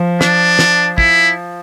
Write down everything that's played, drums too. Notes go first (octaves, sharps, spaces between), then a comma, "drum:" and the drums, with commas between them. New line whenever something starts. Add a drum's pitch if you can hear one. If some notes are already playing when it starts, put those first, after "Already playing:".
Already playing: F3
D4, drum: snare
drum: snare
E4, drum: kick